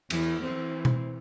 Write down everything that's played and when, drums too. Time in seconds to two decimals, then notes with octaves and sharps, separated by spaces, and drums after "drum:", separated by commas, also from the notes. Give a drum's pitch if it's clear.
0.10 E2 E3, drum: cymbal
0.44 E3 C4
0.85 drum: tom B2